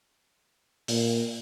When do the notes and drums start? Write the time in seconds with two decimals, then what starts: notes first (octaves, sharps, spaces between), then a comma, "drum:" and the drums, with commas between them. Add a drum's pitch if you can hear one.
0.88 A#2, drum: open hi-hat